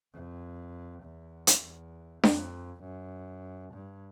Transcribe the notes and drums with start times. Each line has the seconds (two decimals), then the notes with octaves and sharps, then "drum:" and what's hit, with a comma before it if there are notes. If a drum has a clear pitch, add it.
0.14 F2
1.03 E2
1.47 drum: hi-hat
1.63 E2
2.23 F2, drum: snare D4
2.83 F#2
3.73 G2